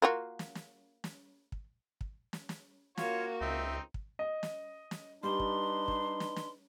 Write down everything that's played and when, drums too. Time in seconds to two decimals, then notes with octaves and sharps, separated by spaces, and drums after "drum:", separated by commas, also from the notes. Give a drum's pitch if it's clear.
0.02 A#3 F4 F#4
0.39 drum: snare
0.55 drum: snare
1.04 drum: snare
1.52 drum: kick
2.01 drum: kick
2.33 drum: snare
2.49 drum: snare
2.97 A#3 F4 F#4 C#5, drum: snare
3.41 C#2 C4 D#4 E5
3.94 drum: kick
4.19 D#5
4.43 drum: snare
4.91 drum: snare
5.23 G3 D4 D#4 B4 C6
5.40 drum: kick
5.88 drum: kick
6.20 drum: snare
6.36 drum: snare